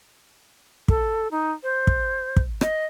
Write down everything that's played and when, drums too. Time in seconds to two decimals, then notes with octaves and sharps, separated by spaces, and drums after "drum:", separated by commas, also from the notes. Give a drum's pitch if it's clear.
0.88 A4, drum: kick
1.31 D#4
1.63 C5
1.87 drum: kick
2.36 drum: kick
2.61 D#5, drum: rim click